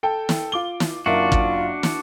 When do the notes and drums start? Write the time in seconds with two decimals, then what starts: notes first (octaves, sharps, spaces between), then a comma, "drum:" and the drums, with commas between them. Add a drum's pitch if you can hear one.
0.03 A4 G5
0.29 drum: snare
0.52 F4 D6 G7
0.80 drum: snare
1.06 F#1 D4 F4 F#4 A#4 E5
1.32 drum: kick
1.83 drum: snare